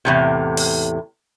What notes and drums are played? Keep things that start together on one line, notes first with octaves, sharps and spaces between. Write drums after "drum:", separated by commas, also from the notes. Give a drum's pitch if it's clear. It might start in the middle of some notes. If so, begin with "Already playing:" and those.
E2 A2 C3
drum: open hi-hat